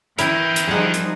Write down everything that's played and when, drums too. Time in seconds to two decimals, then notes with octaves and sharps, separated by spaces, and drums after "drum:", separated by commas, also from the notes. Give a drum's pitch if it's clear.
0.19 E3 E4 A#4 G5, drum: hi-hat
0.56 drum: hi-hat
0.67 F3 G3 D#4 G#4 F#5
0.94 drum: hi-hat